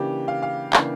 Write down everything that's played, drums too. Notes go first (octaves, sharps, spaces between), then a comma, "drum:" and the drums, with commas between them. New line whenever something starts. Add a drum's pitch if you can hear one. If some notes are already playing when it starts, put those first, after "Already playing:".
Already playing: C#3 E3 A#3 D4 G4
F5
F5
C#3 E3 A#3 D4, drum: clap